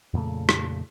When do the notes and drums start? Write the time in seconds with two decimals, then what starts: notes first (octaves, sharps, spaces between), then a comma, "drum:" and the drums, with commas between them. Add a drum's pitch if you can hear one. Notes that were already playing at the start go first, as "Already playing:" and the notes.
0.13 F2 A#2 C#3 A3
0.49 drum: rim click